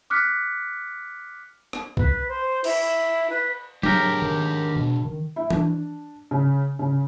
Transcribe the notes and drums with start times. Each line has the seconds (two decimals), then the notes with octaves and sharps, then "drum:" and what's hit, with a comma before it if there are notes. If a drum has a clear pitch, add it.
0.10 D6 F6 F#6 B6 C#7
1.73 drum: rim click
1.97 B4, drum: kick
2.28 C5
2.64 E4, drum: cymbal
3.30 B4
3.83 D4 G4 G#4 A#4 C#5, drum: tom F#3
4.22 D#3
4.76 B2
5.05 D#3
5.36 E4
5.50 D4, drum: tom E3
6.31 C#3
6.79 C#3